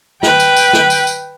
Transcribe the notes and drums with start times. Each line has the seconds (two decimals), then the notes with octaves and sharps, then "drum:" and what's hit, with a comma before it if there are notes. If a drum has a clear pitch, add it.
0.23 B4 G5, drum: snare
0.40 drum: tambourine
0.57 drum: tambourine
0.73 drum: snare
0.90 drum: tambourine
1.07 drum: tambourine